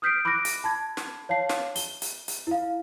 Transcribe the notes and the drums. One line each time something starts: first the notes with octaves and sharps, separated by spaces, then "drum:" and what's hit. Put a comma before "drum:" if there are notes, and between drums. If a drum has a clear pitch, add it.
D#6 F6 G6 B6 C7 D7
B5 D6 E6 F#6 A#6 D7
drum: hi-hat
A5 B5 G#6
drum: snare
C#5 F5 A5 C7
drum: snare
G7, drum: hi-hat
drum: hi-hat
drum: hi-hat
E4 F5